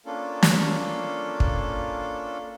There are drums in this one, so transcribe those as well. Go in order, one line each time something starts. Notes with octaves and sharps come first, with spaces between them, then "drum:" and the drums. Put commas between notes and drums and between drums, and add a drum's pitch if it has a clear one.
A#3 C#4 D4 F4 A4
drum: snare
drum: kick